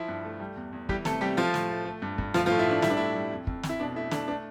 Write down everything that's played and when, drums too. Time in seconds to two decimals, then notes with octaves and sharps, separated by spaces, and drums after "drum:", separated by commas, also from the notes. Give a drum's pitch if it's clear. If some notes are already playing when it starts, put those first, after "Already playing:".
Already playing: F3 E4
0.08 G2
0.25 A3
0.40 G3
0.56 E2
0.73 E2
0.89 E3 G3 G4, drum: kick
1.05 C3 A3 A4, drum: snare
1.21 C3 G3 G4
1.37 F3 A3 F4
1.54 A2, drum: snare
1.70 A3
1.85 A3
2.02 G2
2.18 G2, drum: kick
2.34 F3 A3 F4, drum: snare
2.46 F3 F4
2.51 A2
2.59 E4
2.67 A2 D4
2.82 G3 E4, drum: snare
2.90 D4
2.97 A2 E4
3.15 G3
3.31 F2
3.47 F2, drum: kick
3.63 F2, drum: snare
3.69 E4
3.80 B2 D4
3.96 A3 E4
4.11 A3 D4, drum: snare
4.28 A3 D4